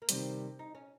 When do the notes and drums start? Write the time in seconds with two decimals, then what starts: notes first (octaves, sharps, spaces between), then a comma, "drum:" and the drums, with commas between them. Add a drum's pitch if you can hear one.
0.02 A#3
0.09 C3 D#3 G3 C4, drum: hi-hat
0.59 D#4
0.75 C#4